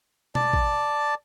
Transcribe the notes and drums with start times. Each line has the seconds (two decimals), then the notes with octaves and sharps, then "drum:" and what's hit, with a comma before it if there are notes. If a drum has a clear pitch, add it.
0.35 D5 A5, drum: tom B2
0.53 drum: kick